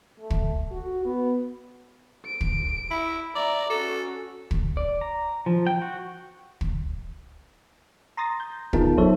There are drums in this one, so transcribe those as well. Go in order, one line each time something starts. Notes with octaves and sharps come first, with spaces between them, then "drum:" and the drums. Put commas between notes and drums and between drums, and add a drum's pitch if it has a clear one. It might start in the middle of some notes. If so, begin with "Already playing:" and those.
A3
drum: kick
F#4
B3
D7
drum: kick
E4
D5 E5 A#5
C#4 F#4 A4
drum: kick
D5
A#5
F3
G5
F#4
drum: kick
A#5 C6 D#6 A6 A#6
G6
B3 D#4 F4 G#4 A#4 A5, drum: kick
F#3 D#4 A4 C5 C#5 E5